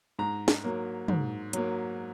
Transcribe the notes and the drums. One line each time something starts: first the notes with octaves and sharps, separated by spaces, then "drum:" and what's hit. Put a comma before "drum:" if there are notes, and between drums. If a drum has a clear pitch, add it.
G#2 A#5
drum: snare
F#3 A#3
G#2, drum: tom
F#3 A#3, drum: hi-hat